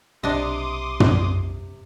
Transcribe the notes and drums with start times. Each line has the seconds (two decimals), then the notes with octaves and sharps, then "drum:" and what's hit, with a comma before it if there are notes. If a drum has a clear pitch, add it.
0.24 B1 C3 D4 D#5 C6 D6 D#6
1.00 drum: tom